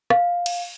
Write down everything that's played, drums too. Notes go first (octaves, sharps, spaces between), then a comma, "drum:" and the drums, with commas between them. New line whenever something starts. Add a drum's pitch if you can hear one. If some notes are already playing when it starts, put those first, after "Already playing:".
F5, drum: rim click
drum: cymbal